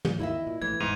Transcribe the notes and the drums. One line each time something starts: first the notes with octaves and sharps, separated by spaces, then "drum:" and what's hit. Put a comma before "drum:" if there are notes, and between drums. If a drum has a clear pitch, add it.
drum: tom
D#2 D#3 E4 D#5 E5
A#2
A#1 A2 E3 G#6
G1 E2 G#2 D#7 F7